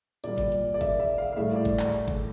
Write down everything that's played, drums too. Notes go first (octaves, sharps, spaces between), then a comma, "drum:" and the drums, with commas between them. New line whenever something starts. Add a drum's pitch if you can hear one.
A#2 G3 D5, drum: hi-hat
drum: kick G#1, hi-hat
drum: hi-hat
D5
E5, drum: kick G#1, hi-hat
E5
F5
F5
A2 G3 E5
D5
drum: kick G#1, hi-hat
drum: clap
drum: hi-hat
drum: kick G#1, hi-hat